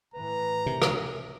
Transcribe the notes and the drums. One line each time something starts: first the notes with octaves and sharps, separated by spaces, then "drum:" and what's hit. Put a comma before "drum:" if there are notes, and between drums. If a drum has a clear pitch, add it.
A2 E3 B4 A#5
C3 A#4
drum: rim click